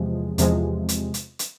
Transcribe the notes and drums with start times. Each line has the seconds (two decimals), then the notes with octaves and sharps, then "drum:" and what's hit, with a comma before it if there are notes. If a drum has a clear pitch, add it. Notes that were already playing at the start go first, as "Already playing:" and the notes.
Already playing: E2 C3 F3 G#3
0.38 E2 C3 F3 G#3, drum: hi-hat
0.89 drum: hi-hat
1.14 drum: hi-hat
1.39 drum: hi-hat